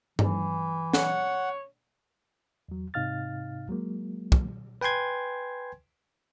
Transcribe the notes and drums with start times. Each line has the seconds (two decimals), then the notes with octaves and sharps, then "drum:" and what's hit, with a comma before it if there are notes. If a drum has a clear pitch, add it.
0.19 E3, drum: tom G2
0.94 C#5 F#5, drum: snare
2.69 E2 F#3
2.94 G#2 C3 D#4 F5 F6 A6
3.69 F#3 G#3 A#3
4.32 drum: kick
4.81 B4 G5 G#5 C6 G#6